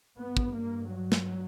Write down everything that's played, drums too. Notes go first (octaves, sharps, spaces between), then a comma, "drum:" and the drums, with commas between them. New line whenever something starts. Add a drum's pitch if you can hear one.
G2 B3
drum: kick
A#3
F#3
drum: snare